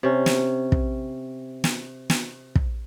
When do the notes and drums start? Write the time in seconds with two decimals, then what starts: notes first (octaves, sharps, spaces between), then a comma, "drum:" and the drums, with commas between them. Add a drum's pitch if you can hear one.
0.03 C3 C#4
0.26 drum: snare
0.72 drum: kick
1.64 drum: snare
2.10 drum: snare
2.55 drum: kick